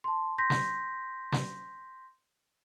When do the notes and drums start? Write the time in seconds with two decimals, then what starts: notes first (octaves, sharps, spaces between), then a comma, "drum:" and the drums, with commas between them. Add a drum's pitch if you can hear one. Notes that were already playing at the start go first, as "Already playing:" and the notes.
0.04 A5 C6
0.38 C6 G6 A#6 B6
0.50 drum: snare
1.32 drum: snare